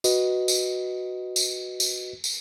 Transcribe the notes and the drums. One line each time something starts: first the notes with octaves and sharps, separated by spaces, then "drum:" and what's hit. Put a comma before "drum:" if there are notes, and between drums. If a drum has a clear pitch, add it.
F#4 B4 D#5, drum: tambourine
drum: tambourine
drum: tambourine
drum: tambourine
drum: tambourine